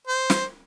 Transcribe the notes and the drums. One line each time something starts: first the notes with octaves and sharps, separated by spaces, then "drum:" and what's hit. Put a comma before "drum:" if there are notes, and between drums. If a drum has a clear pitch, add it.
C5
drum: snare